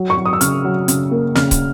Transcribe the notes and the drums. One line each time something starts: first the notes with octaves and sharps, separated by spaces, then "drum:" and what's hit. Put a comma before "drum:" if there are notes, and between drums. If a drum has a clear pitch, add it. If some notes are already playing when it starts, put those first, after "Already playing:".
Already playing: F#3
C#6
F#3
D#6
E6
C#3 F6, drum: hi-hat
F#3
C#3, drum: hi-hat
A#3
C#3 F6, drum: snare
drum: kick, hi-hat